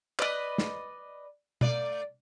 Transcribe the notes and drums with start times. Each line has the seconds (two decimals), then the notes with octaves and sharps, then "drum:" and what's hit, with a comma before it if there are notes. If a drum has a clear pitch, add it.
0.19 B4 D5 D#5, drum: clap
0.58 drum: snare
1.61 A3 D5, drum: tom B2